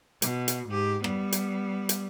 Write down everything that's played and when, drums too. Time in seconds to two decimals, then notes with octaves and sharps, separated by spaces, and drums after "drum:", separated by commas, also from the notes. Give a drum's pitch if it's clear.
0.22 B2, drum: hi-hat
0.48 drum: hi-hat
0.69 G#2 G4
1.04 G3 B3, drum: rim click
1.32 drum: hi-hat
1.89 drum: hi-hat